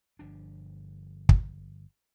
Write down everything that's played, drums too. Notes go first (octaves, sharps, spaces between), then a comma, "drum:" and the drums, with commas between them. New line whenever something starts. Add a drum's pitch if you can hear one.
G1 F3 D4
drum: kick